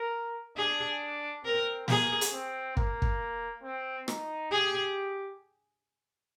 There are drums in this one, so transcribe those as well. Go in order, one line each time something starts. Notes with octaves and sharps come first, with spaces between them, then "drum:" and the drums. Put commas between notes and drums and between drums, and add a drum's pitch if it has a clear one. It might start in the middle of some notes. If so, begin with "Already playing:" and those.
Already playing: A#4
D4 G#4
C4 A#4
A#3 G#4, drum: snare
drum: hi-hat
C4
A#3, drum: kick
drum: kick
C4
D#4, drum: rim click
G4 G#4